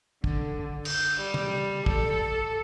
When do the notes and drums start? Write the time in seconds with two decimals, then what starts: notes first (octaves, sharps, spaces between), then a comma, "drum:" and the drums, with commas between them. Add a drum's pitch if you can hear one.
0.24 D3, drum: kick
0.85 G6, drum: cymbal
1.20 G3
1.34 drum: tom
1.86 A4, drum: kick